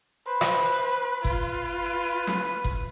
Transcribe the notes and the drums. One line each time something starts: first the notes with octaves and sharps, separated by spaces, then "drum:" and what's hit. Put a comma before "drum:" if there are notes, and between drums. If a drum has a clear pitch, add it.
B4 C5
drum: rim click
F4 B4, drum: kick F#1
drum: snare
drum: kick F#1